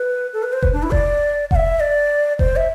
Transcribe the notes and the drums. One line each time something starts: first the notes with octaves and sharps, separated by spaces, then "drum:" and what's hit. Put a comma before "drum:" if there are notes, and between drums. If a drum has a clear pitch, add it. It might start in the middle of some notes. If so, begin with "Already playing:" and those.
Already playing: B4
A4
B4
C5
B4, drum: kick F1
D4
E4
D5, drum: kick F1
F#5, drum: kick F1
E5
D5
C5, drum: kick F1
E5